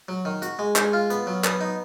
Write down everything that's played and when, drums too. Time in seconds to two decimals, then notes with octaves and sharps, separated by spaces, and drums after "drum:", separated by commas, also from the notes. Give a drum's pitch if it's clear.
0.08 F#3
0.25 D#3
0.42 F#4, drum: hi-hat
0.59 G#3
0.76 G#3, drum: clap
0.93 F4
1.10 B3, drum: hi-hat
1.27 F#3
1.44 B3, drum: clap
1.61 D#4